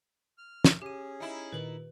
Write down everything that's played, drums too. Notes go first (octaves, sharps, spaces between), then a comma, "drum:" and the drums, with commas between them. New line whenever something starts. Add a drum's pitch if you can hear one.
F6
drum: snare
C#4 G4 G#4 D#7
D#4 E4
A#2 D#3 B4 F#7